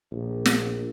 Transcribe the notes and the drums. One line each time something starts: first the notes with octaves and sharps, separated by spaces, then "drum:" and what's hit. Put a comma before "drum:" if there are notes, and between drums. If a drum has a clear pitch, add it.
A#1
drum: snare